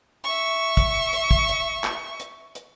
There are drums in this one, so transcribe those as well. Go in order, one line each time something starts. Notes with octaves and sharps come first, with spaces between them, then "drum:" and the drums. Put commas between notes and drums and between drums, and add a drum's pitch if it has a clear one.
E5 C#6
drum: kick, hi-hat
drum: hi-hat
drum: kick
drum: hi-hat
drum: clap
drum: hi-hat
drum: hi-hat